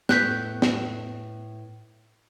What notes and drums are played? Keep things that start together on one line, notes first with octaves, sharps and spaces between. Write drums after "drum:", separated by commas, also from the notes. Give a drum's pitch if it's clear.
A2 A3 B3 F#6 G6 B6, drum: snare
drum: snare